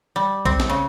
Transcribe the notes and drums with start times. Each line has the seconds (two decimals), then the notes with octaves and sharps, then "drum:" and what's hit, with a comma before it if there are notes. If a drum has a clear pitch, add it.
0.16 G3
0.45 C4, drum: kick A#1
0.60 drum: snare
0.69 C#3